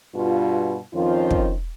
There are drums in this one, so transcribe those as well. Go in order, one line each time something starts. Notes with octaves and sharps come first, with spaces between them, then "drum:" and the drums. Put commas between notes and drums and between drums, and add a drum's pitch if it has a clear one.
G2 B2 F4
F2 D#3 F3 C#4 F4
drum: kick